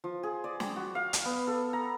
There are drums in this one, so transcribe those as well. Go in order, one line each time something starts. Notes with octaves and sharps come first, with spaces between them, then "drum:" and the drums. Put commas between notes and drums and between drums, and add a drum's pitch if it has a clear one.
F3
G#4
D5
G5, drum: snare
F#4
F5
drum: hi-hat
B3
A4
A#5